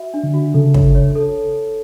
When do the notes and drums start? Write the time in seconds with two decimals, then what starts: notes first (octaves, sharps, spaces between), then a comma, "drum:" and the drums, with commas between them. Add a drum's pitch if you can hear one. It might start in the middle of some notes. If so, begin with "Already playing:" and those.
Already playing: F#4 E5
0.14 D4
0.23 D3
0.34 F#4
0.54 C#3 A4
0.74 C#5, drum: kick
0.95 C#5
1.15 A4